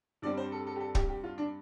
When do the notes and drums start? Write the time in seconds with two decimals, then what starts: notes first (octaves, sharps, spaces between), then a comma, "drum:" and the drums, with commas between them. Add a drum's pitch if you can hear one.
0.22 G2 G3 C4 D5
0.37 C5
0.52 A4
0.67 A4
0.76 G4
0.80 A4
0.95 G4, drum: kick
1.09 G4
1.24 F4
1.38 D4